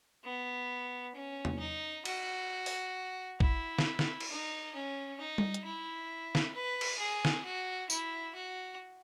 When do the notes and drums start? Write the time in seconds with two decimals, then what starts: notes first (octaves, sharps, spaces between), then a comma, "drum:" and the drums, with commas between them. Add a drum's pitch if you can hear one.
0.25 B3
1.16 C#4
1.45 drum: tom
1.60 D#4
2.05 F#4, drum: cymbal
2.66 drum: open hi-hat
3.40 E4, drum: kick
3.79 drum: snare
3.99 drum: snare
4.20 drum: cymbal
4.31 D#4
4.75 C#4
5.20 D#4
5.38 drum: tom G3
5.54 drum: hi-hat
5.65 E4
6.35 drum: snare
6.55 B4
6.81 drum: cymbal
7.00 G#4
7.25 drum: snare
7.45 F#4
7.90 E4, drum: tambourine
8.35 F#4